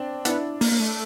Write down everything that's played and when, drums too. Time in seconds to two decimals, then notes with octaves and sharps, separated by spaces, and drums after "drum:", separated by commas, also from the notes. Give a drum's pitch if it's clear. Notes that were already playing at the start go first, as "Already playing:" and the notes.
Already playing: C4 D4
0.25 B3 D4 E4, drum: hi-hat
0.61 A#3, drum: open hi-hat
0.72 A#3
0.80 A3